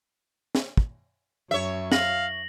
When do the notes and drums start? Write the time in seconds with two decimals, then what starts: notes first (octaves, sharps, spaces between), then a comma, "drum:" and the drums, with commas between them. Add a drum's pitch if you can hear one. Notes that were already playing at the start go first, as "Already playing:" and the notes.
0.55 drum: snare
0.77 drum: kick
1.51 F#2 C#5 E5
1.92 F5 A#6 F#7, drum: snare